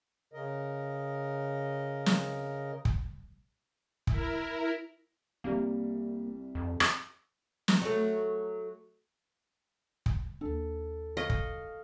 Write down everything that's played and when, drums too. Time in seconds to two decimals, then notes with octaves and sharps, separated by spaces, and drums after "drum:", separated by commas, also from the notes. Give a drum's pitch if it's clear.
0.34 C#3 A#4 D#5
2.06 drum: snare
2.85 drum: kick
4.07 E4 A#4, drum: kick
5.44 C2 G3 A#3
6.55 F2
6.80 drum: rim click
7.68 drum: snare
7.82 F#3 A3
10.06 drum: kick
10.41 D#2 D4 A4
11.17 D#5 F5 C#6
11.30 drum: kick